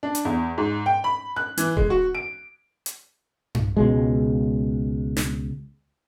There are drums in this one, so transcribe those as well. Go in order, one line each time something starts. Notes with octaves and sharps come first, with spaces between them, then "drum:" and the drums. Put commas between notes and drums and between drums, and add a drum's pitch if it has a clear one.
D4
drum: hi-hat
E2
G#2
G5
B5
F#6
E3, drum: hi-hat
G#3, drum: kick D#1
F#4
D7
drum: hi-hat
drum: tom G2
C#2 B2 G#3
drum: snare